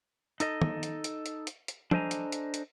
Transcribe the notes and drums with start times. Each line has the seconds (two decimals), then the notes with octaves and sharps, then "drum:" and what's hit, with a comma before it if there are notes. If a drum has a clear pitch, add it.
0.40 D#4 A4 D#5, drum: hi-hat
0.62 drum: tom
0.83 drum: hi-hat
1.04 drum: hi-hat
1.26 drum: hi-hat
1.47 drum: hi-hat
1.68 drum: hi-hat
1.91 D4 A4 C5 D#5 G#5 A#5, drum: tom F3
2.11 drum: hi-hat
2.32 drum: hi-hat
2.54 drum: hi-hat